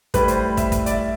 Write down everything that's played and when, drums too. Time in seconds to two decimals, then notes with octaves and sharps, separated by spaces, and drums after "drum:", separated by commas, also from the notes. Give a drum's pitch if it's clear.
0.14 A2 G3 B4, drum: kick, hi-hat
0.28 C5, drum: hi-hat
0.57 E5, drum: kick, hi-hat
0.72 drum: kick, hi-hat
0.86 D5, drum: hi-hat
0.91 E5